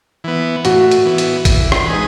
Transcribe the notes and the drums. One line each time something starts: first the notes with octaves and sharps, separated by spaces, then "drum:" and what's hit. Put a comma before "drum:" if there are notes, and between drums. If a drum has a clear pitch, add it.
E3 B3
A2 F#4, drum: hi-hat
drum: hi-hat
E3 B3
drum: hi-hat
E3, drum: kick, hi-hat
drum: rim click
G#3 D#4 G#4 B4